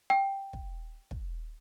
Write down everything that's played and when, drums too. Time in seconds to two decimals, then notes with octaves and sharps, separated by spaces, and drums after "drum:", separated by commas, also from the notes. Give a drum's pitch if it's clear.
0.10 G5
0.53 drum: kick
1.11 drum: kick